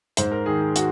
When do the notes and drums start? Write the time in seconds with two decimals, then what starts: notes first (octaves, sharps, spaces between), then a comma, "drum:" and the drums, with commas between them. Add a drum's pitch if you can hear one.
0.17 G#2 C5, drum: hi-hat
0.32 A#4
0.46 D#3 G#4
0.61 G#4
0.76 F#4, drum: hi-hat